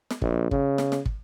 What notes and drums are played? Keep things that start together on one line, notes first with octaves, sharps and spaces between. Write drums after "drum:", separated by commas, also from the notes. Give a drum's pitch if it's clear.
drum: snare
A#1, drum: kick
C#3, drum: kick
drum: snare
drum: snare
drum: kick